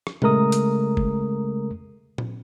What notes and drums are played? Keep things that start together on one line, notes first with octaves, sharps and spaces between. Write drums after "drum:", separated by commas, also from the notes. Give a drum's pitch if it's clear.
drum: rim click
C#3 G#3 A3 A#4 A#5 D#6, drum: tom A#2
drum: hi-hat
drum: kick F#1
drum: tom A#2